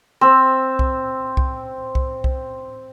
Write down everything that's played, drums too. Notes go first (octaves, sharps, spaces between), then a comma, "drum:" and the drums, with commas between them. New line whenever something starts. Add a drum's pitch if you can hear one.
C4 E6
drum: kick C2
drum: kick C2
drum: kick C2
drum: kick C2